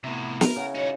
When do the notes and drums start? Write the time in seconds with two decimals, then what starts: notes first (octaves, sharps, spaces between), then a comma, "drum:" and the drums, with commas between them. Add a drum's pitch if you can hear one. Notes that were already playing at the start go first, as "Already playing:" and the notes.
0.04 A2 C3 B3 E4
0.41 A#4, drum: snare
0.56 C#3 F#5
0.75 D#4 F#4 C#5